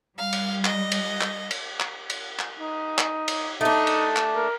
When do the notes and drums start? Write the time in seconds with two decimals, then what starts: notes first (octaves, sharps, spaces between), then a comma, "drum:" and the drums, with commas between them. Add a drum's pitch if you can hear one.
0.18 G3 F5
0.33 drum: cymbal
0.65 D#5, drum: clap
0.92 drum: cymbal
1.21 drum: clap
1.51 drum: cymbal
1.80 drum: clap
2.10 drum: cymbal
2.39 drum: clap
2.60 D#4
2.98 drum: clap
3.28 drum: cymbal
3.61 A3 D4 D#4
3.87 drum: cymbal
4.16 drum: clap
4.36 A#4